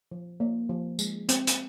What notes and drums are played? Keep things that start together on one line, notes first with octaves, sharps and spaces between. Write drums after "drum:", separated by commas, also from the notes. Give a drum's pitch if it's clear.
F3
A#3
F3
G#3, drum: tambourine
C4, drum: hi-hat
drum: hi-hat